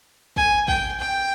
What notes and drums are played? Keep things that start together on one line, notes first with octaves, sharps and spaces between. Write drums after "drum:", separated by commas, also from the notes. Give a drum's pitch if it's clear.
G#5, drum: kick
G5, drum: kick
G5